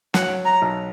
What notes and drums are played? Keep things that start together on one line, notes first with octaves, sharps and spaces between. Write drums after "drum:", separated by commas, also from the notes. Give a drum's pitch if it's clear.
F#3 F#5, drum: snare
A#5
B1